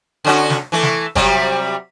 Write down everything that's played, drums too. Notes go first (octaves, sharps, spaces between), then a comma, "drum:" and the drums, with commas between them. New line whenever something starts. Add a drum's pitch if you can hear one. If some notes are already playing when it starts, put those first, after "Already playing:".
D3 C#4 F#4
drum: snare
E3 A3
drum: snare
C3 F#3 G3, drum: kick F#1